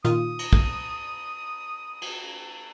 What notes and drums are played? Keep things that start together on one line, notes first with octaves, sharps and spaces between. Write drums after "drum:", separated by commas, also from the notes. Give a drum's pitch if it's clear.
A#2 D#3 F4 D#6, drum: hi-hat
drum: cymbal
drum: kick
drum: cymbal